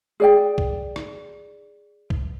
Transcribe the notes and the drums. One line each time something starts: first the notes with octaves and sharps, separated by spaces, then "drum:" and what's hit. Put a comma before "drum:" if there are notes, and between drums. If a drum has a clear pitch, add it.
G#4 D5 G5
drum: kick B1
drum: rim click
drum: kick B1